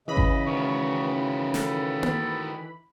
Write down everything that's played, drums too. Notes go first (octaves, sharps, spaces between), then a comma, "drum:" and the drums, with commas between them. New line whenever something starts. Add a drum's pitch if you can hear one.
C#3 E3 D#5 B5
drum: kick G#1
D#3 F#4 C#6
A4, drum: snare
drum: tom A#3